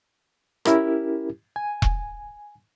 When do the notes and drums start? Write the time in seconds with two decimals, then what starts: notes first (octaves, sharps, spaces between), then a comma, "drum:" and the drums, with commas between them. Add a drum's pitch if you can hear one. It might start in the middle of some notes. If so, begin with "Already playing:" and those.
0.65 C#4 E4 G4 A#4, drum: rim click
1.56 G#5
1.82 drum: kick E1